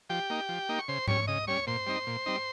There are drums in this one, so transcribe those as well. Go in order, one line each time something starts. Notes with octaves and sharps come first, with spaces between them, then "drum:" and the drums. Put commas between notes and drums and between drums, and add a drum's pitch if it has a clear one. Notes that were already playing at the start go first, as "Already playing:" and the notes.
F3 G4 G5
A#3 D#4
F3
A#3 D#4
C#6
C#3 C5 C6
G3 C#4 C#5 C#6, drum: tom G#2
C#3 D#5 D#6
G3 C#4 C#5 C#6
A#2 C5 C6
G3 C4 D#4
A#2
G3 C4 D#4